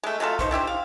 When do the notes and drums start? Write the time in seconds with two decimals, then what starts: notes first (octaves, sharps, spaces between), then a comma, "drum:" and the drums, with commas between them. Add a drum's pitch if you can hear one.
0.03 G#3 A3
0.20 F#3 A3 F4 A4
0.39 D#4 C5 C#6, drum: kick, hi-hat
0.51 D4 E4 G4 C5
0.67 F5